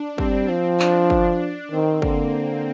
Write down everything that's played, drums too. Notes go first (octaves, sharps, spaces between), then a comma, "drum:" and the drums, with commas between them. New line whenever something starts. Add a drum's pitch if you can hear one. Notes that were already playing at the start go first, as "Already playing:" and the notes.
Already playing: D4
G3 C4, drum: kick
F3 C4
D4, drum: clap
drum: kick
D#3 C4
D3 A#3, drum: kick